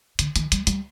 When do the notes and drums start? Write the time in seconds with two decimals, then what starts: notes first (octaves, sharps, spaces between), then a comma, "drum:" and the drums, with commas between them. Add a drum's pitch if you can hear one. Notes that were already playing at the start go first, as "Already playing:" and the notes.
0.19 D3, drum: hi-hat
0.36 D#3, drum: hi-hat
0.52 G3, drum: hi-hat
0.67 G3, drum: hi-hat